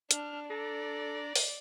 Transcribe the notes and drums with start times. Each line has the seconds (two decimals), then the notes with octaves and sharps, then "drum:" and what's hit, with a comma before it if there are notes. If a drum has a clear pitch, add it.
0.11 D4 F6, drum: hi-hat
0.50 D4 A4 D5 A#5
1.36 drum: open hi-hat